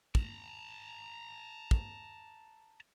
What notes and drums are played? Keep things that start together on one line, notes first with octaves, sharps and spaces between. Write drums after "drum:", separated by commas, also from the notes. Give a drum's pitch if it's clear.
A5 A#5, drum: kick
drum: kick